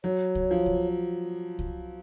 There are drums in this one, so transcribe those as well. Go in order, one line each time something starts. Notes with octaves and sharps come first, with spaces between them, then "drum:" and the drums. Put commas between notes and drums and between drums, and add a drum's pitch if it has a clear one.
F#3 C#5
drum: kick C2
F3
drum: kick C2
drum: kick C2